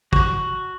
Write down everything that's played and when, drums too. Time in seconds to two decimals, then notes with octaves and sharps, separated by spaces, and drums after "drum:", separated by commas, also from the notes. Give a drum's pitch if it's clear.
0.13 F#4, drum: kick